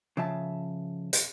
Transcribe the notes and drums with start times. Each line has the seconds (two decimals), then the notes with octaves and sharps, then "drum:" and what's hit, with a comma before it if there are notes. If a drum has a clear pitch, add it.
0.17 C#3 F3 E5 A5
1.13 drum: hi-hat